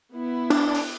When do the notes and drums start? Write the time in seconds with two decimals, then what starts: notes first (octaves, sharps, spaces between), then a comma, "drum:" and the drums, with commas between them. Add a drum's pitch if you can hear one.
0.14 B3 E4
0.50 D4, drum: cymbal
0.74 drum: open hi-hat